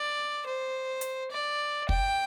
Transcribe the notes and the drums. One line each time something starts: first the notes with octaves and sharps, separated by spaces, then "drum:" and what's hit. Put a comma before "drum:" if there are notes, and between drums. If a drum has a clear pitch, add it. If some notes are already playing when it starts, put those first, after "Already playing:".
Already playing: D5
C5
drum: hi-hat
D5
G5, drum: kick